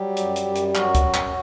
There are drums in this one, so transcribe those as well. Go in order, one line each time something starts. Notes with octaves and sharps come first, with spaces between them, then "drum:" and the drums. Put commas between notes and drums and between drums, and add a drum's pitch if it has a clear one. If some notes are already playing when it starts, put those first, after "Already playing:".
Already playing: F#3 G3 G4
F#2, drum: hi-hat
drum: hi-hat
F#2
drum: hi-hat
G4
F#2 F#3 F#4, drum: clap
drum: kick C#2, hi-hat
F#2
drum: clap